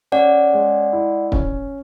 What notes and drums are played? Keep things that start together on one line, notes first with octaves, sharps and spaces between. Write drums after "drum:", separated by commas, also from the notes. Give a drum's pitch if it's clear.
C#4 D5 F#5
G#3
E4
C#4, drum: kick